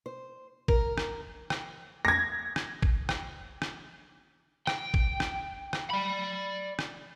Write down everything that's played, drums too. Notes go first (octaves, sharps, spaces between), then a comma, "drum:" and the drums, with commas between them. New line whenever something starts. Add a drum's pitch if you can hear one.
C5
A#4, drum: kick
drum: rim click
drum: rim click
G#6 A#6
drum: rim click
drum: kick
drum: rim click
drum: rim click
G5, drum: rim click
drum: kick
drum: rim click
drum: rim click
D5 B5
drum: rim click